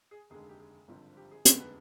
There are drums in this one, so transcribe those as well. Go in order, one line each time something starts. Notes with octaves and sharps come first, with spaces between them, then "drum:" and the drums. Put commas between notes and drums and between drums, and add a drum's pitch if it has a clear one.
G#4
F1 D#2 D3 G#3 G#4
G#4
G4
G#4
G#1 G2 D3 F3 C4
G4
G#4
F1 D#2 D3 G#3 B3 B4, drum: hi-hat
B4